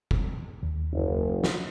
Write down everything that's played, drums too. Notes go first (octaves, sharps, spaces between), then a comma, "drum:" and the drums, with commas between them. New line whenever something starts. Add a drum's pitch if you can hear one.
drum: kick F#1
D#2
F#1
drum: snare